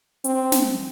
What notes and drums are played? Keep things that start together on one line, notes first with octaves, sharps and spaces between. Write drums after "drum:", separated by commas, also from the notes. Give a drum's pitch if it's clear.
C4, drum: hi-hat
drum: snare